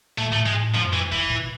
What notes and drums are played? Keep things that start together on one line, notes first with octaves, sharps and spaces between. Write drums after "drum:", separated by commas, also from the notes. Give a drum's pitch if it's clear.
A#2 A3
A2 A3
G#2 G#3
A2
F3, drum: tom F2
E3
E3, drum: kick
A#2, drum: kick